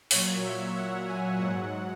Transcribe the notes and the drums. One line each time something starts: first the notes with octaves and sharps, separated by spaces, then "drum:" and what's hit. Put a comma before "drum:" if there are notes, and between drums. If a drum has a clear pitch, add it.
A#2 F#3 C#5, drum: open hi-hat
E5
F#5
G#5
G#2 F#3 F#5